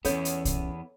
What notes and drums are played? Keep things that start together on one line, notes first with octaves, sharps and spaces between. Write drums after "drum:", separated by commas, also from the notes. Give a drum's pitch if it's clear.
E2 B3 C#4 A4 C#5, drum: hi-hat
drum: hi-hat
drum: kick, hi-hat